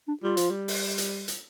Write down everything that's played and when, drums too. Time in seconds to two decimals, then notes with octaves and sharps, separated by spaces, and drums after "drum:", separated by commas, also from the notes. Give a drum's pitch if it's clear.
0.08 D4
0.23 G3 F4
0.37 F3, drum: hi-hat
0.50 G3
0.68 drum: open hi-hat
0.98 drum: hi-hat
1.28 drum: hi-hat